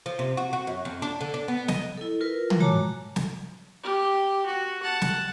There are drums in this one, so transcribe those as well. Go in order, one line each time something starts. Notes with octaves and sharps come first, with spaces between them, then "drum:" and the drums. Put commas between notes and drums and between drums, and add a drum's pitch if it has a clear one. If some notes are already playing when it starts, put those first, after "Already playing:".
F3
C3
F#4
F#4
F#2
F2
D4
D3
D4
B3
D#5, drum: snare
E4 A4
F4 A#4 B4
drum: tom
G#3 F#4 C#5 A5 A#5 D6
drum: snare
G4
F#4
F#5 A5
drum: snare